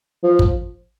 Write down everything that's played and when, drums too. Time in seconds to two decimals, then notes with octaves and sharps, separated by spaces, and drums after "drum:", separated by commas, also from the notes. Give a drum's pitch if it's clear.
0.23 F3
0.39 drum: kick